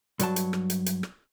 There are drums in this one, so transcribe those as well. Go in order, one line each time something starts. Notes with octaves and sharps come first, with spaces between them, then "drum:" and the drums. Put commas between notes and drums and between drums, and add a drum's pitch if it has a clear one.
G2 F#3 A5, drum: hi-hat
drum: hi-hat
drum: rim click
drum: hi-hat
drum: hi-hat
drum: rim click